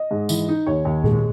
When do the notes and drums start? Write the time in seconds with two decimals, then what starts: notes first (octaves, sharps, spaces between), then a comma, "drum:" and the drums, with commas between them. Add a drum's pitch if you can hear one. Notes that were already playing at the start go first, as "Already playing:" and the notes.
Already playing: D#5
0.11 G#2
0.29 E3, drum: tambourine
0.49 D#4
0.67 D#2 C#5
0.85 D#2
1.04 G#3, drum: tom A#2